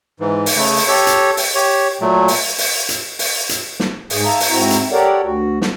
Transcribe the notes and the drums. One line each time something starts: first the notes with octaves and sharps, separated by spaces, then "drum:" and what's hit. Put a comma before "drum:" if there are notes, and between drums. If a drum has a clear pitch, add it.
G#2 E3
drum: open hi-hat
C#3 A3
drum: open hi-hat
G4 A4 C#5
drum: hi-hat
drum: open hi-hat
G4 C#5
A#2 F#3 A3
drum: open hi-hat
drum: open hi-hat
drum: hi-hat
drum: open hi-hat
drum: hi-hat
drum: snare
G#2 G#4, drum: open hi-hat
E5 F5 A5 A#5
drum: open hi-hat
G#2 C4 E4 F#4 E5 A#5
drum: hi-hat
G4 A4 A#4 C#5 D5 F#5
D2 F#4
drum: snare